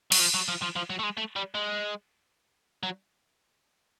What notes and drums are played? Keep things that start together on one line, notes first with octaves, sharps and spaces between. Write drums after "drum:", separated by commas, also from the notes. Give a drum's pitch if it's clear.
F#3, drum: cymbal
F3
F#3
F3
F3
F3
F#3
A3
G#3
A3
G3
G#3
F#3